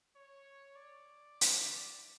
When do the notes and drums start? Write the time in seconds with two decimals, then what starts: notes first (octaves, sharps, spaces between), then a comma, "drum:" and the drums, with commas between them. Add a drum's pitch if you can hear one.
0.16 C#5
0.76 D5
1.41 drum: hi-hat